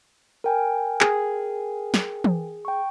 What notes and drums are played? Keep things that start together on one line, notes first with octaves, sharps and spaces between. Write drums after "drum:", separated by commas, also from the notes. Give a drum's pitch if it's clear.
A#4 G5 G#5
G#4, drum: clap
drum: snare
drum: tom E3
G5 C#6